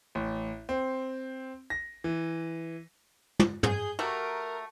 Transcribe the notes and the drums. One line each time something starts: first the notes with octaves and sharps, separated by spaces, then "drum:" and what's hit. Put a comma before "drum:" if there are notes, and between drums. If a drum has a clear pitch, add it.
A1
C4
A#6
E3
drum: tom
G#4 G6, drum: tom
A3 F#4 G4 A#4